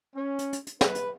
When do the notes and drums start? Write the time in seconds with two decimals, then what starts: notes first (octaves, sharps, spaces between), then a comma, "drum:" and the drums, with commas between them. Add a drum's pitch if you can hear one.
0.15 C#4
0.39 drum: hi-hat
0.53 drum: hi-hat
0.67 drum: hi-hat
0.81 B4, drum: snare
0.95 drum: hi-hat